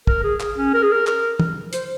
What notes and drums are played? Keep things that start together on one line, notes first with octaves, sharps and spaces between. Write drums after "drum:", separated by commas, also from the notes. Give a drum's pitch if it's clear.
A#4, drum: kick
G#4
G#4, drum: clap
C#4
A#4
G#4
A#4
A#4, drum: clap
drum: tom
C5, drum: hi-hat